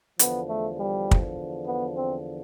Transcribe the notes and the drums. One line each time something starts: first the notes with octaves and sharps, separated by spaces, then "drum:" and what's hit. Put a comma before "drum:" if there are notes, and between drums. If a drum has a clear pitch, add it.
E2 D3 F3 B3, drum: hi-hat
A3
G3
drum: kick
B3
C4